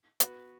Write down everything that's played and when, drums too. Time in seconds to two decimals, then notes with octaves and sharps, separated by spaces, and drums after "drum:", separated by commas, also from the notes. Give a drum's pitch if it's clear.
0.20 B3 F#4 B4, drum: hi-hat